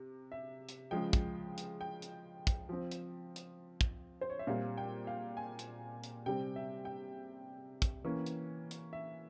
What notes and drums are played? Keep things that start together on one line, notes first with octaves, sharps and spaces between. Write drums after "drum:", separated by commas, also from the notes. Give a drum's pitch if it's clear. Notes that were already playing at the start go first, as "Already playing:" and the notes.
Already playing: C3
E5
drum: hi-hat
C#3 F3 G#3 G5
drum: kick, hi-hat
drum: hi-hat
G5
drum: hi-hat
drum: kick, hi-hat
F3 C4
drum: hi-hat
drum: hi-hat
drum: kick, hi-hat
C5
C#5
E5
A#2 G3 C4 F5
G5
F5
G#5
drum: hi-hat
drum: hi-hat
C3 G3 C4 G5
E5
G5
drum: kick, hi-hat
E3 A#3 C#4
drum: hi-hat
drum: hi-hat
E5